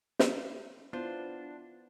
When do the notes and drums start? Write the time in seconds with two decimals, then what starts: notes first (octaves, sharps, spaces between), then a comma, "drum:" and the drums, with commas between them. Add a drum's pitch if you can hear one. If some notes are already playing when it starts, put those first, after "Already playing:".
0.19 drum: snare
0.93 B3 D4 E4 F4 C5